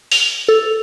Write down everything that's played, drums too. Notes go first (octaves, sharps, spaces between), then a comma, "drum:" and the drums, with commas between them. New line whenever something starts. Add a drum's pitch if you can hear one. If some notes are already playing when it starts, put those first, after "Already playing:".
F7, drum: open hi-hat
A4